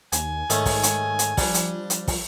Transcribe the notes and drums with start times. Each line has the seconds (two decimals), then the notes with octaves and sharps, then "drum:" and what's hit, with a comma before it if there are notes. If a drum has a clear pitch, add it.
0.12 D#2 G#5, drum: hi-hat
0.50 G#2 D#3 A3 C#4, drum: hi-hat
0.66 drum: kick, open hi-hat
0.83 drum: hi-hat
1.19 drum: hi-hat
1.37 F3 G3 D4, drum: kick, open hi-hat
1.54 drum: hi-hat
1.90 drum: hi-hat
2.08 drum: kick, open hi-hat